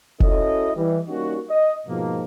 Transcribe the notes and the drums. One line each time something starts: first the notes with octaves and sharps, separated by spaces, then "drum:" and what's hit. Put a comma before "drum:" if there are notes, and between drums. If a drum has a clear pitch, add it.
C#4 E4 F#4 A4 D#5, drum: kick F1
E3 G3
G3 A#3 C#4 D#4 F#4
D#5
G#2 B2 F3 A#3